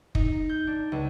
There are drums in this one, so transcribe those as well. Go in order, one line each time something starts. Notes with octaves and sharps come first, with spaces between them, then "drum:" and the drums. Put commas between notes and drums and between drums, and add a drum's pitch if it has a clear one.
D#4, drum: kick
G6
D4
C#2